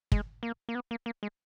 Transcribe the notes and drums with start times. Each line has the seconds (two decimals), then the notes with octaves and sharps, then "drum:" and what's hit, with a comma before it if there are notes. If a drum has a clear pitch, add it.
0.12 G#3, drum: kick
0.43 A#3
0.69 A#3
0.75 B3
0.91 A#3
1.06 A#3
1.23 G#3